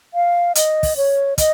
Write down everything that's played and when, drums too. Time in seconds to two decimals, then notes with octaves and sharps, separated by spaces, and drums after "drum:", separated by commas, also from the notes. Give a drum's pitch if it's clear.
0.14 F5
0.55 D#5, drum: hi-hat
0.83 drum: kick, open hi-hat
0.97 C#5
1.38 D#5, drum: kick, hi-hat